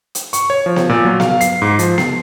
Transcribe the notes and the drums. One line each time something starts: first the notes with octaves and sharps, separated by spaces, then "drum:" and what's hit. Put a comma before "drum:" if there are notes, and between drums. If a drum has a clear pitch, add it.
drum: hi-hat
C#6, drum: hi-hat
C#5
F3
drum: snare B3
A#2
F#3
F5, drum: snare B3
C7, drum: hi-hat
G#2
F3, drum: hi-hat
C7, drum: snare B3